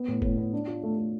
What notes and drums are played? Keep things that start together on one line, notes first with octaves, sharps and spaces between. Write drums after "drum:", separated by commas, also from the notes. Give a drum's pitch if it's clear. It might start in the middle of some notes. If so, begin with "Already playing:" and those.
Already playing: B3
A2
A2, drum: kick
B3
D4
F4
A3
A3